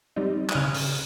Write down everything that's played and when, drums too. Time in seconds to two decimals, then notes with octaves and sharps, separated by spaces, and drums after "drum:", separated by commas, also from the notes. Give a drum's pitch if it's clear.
0.16 G3 C4 D#4
0.50 D#6, drum: clap
0.55 C#3 F6
0.74 drum: open hi-hat